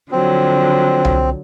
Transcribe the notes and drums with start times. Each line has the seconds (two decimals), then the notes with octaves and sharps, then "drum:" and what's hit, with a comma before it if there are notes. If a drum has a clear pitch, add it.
0.12 D3 F3 F#3 C4
1.05 drum: tom C2